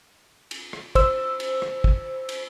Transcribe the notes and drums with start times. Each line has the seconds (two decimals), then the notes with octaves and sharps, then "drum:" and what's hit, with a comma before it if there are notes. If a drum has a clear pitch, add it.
0.51 drum: cymbal
0.73 drum: rim click
0.95 C5 E6, drum: kick, cymbal
1.40 drum: cymbal
1.62 drum: rim click
1.84 drum: kick
2.29 drum: cymbal